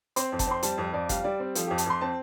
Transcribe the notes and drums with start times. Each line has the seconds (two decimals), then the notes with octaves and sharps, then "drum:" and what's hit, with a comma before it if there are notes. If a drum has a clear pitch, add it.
0.16 C4 C6, drum: hi-hat
0.32 F2
0.39 A5, drum: kick F#1, hi-hat
0.47 C4 C6
0.63 G3 A5, drum: hi-hat
0.78 F2
0.93 F2 D5
1.09 G3 F5, drum: kick F#1, hi-hat
1.24 G3 D5
1.40 C4
1.55 F3 A4, drum: hi-hat
1.67 F2 G4
1.78 A5, drum: hi-hat
1.86 F2 C6
2.01 C4 A5